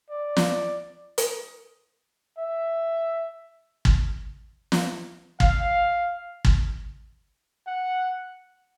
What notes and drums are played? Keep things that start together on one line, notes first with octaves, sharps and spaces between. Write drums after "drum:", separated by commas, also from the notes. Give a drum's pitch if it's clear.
D5
drum: snare
drum: hi-hat
E5
drum: kick
drum: snare
F5, drum: kick
drum: kick
F#5